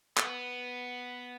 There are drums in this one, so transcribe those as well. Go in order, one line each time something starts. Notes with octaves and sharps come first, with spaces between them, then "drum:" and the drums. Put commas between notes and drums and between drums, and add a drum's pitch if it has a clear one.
A3, drum: clap
B3